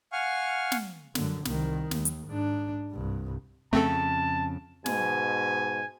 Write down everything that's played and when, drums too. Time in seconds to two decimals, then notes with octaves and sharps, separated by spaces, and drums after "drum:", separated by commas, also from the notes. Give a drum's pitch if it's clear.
0.12 F5 F#5 G#5 C#6 F6
0.72 drum: snare
1.15 F#2 D3, drum: snare
1.45 C2 D#3, drum: snare
1.91 D#2, drum: snare
2.05 drum: hi-hat
2.27 G#2 D4
2.91 C2 G2
3.73 F2 C#3 A3 C4 A4 A5
4.86 G#2 B2 G#5, drum: snare